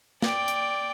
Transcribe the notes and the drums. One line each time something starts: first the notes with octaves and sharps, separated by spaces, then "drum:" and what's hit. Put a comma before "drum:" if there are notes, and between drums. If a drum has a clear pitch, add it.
D5 G5, drum: snare
drum: hi-hat